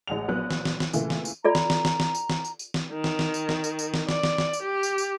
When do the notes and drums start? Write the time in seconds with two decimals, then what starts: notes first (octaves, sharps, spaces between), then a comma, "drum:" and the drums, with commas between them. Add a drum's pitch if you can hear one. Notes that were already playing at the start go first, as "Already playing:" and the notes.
0.07 A1 G#3 F#5 F7
0.28 A#1 F#3 B3 F#6
0.51 drum: snare
0.65 drum: snare
0.80 drum: snare
0.93 A#2 C#3 E3 A3, drum: tambourine
1.10 drum: snare
1.25 drum: tambourine
1.45 F4 A4 D5 A#5
1.55 drum: snare
1.70 drum: snare
1.85 drum: snare
2.00 drum: snare
2.15 drum: tambourine
2.30 drum: snare
2.44 drum: tambourine
2.59 drum: tambourine
2.74 drum: snare
2.92 D#3
3.04 drum: snare
3.19 drum: snare
3.34 drum: tambourine
3.49 drum: snare
3.64 drum: tambourine
3.79 drum: tambourine
3.94 drum: snare
4.09 D5, drum: snare
4.24 drum: snare
4.38 drum: snare
4.53 drum: tambourine
4.62 G4
4.83 drum: tambourine
4.98 drum: tambourine